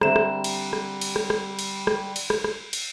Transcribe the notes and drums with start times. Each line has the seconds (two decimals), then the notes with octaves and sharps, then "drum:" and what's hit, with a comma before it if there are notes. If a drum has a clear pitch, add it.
0.01 D3 G3 C4 C5 E5 A#5 E7, drum: rim click
0.16 drum: rim click
0.44 drum: cymbal
0.73 drum: rim click
1.01 drum: cymbal
1.16 drum: rim click
1.30 drum: rim click
1.59 drum: cymbal
1.87 drum: rim click
2.16 drum: cymbal
2.30 drum: rim click
2.44 drum: rim click
2.73 drum: cymbal